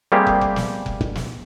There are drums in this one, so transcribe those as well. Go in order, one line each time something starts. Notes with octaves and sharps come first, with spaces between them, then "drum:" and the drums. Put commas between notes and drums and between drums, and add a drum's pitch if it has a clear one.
G3 A3 A#3 C4 G4 G#4
drum: kick
drum: kick
drum: snare
drum: kick
drum: kick
drum: snare